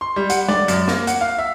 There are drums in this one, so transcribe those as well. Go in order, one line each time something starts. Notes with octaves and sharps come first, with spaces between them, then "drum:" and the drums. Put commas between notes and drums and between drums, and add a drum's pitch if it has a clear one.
C6
G3
F#5, drum: hi-hat
D5, drum: tom G3
F#2, drum: hi-hat
A#3, drum: snare
F#5, drum: hi-hat
F5
E5